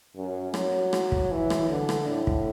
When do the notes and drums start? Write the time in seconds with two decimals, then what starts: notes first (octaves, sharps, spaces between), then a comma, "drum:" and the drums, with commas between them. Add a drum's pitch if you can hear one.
0.16 F#2
0.54 F#3, drum: rim click
0.93 drum: rim click
1.12 drum: kick
1.31 E3
1.50 drum: rim click
1.70 D3
1.89 drum: rim click
2.08 A2
2.27 drum: kick